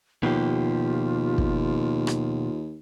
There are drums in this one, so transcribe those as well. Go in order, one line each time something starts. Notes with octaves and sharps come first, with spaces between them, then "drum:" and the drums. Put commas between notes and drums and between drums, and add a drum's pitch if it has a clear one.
D#2 B2 F3 F4 G4
drum: kick
drum: rim click